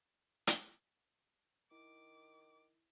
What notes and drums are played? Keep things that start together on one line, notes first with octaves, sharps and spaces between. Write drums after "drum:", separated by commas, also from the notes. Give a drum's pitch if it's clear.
drum: hi-hat
D#3 E4 D6